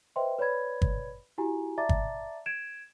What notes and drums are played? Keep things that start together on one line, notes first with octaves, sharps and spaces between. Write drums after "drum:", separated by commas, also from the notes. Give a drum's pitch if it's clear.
B4 C5 D#5 E5 G5 C6
B4 C#5 D5 B5 G#6
drum: kick G1
E4 F#4 G4 G#5 A#5
D5 E5 A5 A#5 D6 A6
drum: kick G1
G#6 D7 E7